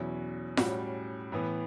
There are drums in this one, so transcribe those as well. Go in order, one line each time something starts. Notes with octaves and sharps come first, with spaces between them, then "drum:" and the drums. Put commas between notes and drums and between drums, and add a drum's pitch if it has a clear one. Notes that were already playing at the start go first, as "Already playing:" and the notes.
Already playing: E2 B2 F#3 C#4 E4
A2 G3 C#4 F#4, drum: snare F4
A2 E3 B3